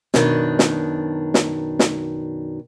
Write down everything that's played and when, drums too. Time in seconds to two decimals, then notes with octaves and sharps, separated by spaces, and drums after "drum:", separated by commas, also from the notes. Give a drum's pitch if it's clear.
0.14 F#2 B2 D#3 D4, drum: snare
0.59 drum: snare
1.34 drum: snare
1.79 drum: snare